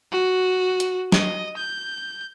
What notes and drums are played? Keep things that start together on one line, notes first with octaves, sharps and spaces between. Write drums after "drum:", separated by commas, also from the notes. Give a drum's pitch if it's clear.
F#4
drum: hi-hat
D#5, drum: snare
G6